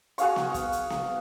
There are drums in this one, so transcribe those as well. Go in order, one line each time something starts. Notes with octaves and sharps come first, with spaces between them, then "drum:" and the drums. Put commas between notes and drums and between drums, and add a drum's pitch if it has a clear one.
F#4 G#4 F5 C#6, drum: hi-hat
drum: snare B3
drum: kick, hi-hat
drum: hi-hat
drum: snare B3